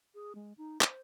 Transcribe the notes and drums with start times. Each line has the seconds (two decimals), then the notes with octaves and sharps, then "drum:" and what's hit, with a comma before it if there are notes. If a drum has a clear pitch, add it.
0.15 G#4
0.35 G#3
0.58 D#4
0.81 C5, drum: clap